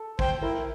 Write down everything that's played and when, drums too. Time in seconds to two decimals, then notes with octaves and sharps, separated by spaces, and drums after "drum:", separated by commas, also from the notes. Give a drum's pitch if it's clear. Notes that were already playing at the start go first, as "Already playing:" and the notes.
Already playing: A4
0.19 C5 G5, drum: kick
0.42 E4 A#4